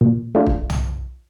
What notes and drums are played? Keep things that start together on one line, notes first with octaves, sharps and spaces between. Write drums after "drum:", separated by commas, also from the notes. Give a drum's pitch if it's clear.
A#2
A3 D4 F4
drum: kick
drum: tom